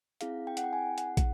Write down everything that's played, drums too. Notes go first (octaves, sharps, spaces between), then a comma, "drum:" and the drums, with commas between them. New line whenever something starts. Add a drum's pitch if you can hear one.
C4 E4 G#4 F5, drum: hi-hat
G5
F#5, drum: hi-hat
G5
G#5
F#5, drum: hi-hat
drum: kick, hi-hat